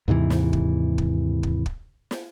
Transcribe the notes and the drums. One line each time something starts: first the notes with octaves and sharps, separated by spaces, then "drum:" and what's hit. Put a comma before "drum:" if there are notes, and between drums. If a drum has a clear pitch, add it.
D#2 G#2 C3 E3
drum: snare
drum: kick
drum: kick
drum: kick
drum: kick
drum: snare